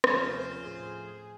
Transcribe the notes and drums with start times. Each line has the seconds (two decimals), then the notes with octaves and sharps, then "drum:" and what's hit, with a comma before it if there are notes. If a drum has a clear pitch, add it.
0.04 drum: rim click
0.13 D#2 C3 F3 A3 C4 C#4 F4 C5
0.64 A2 G#4